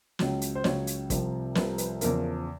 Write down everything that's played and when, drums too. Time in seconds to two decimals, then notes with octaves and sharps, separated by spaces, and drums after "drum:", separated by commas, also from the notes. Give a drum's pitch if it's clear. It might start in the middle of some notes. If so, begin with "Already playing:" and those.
0.19 C#2 C#3 F#3, drum: snare
0.41 drum: hi-hat
0.55 C5
0.64 C#2 C#3 F#3 C#5, drum: snare
0.87 drum: hi-hat
1.10 C2 C3 F3, drum: kick, hi-hat
1.55 C2 C3 F3 B4, drum: snare
1.78 B4, drum: hi-hat
2.01 E2 C#3 F3 A#4, drum: hi-hat